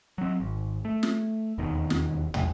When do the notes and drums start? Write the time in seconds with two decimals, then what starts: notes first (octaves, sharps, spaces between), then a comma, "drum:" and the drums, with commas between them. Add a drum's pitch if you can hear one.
0.18 F#3 C4
0.40 G#1
0.85 A3
1.03 drum: snare
1.58 E1 D#2 B2 D#3
1.90 drum: snare
2.34 A#1, drum: tom